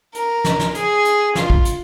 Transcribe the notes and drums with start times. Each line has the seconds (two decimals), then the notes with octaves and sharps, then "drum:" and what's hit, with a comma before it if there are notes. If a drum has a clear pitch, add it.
0.15 A#4, drum: hi-hat
0.45 drum: snare
0.60 drum: snare
0.74 G#4, drum: hi-hat
1.05 drum: hi-hat
1.35 F4, drum: snare
1.50 drum: kick
1.65 drum: hi-hat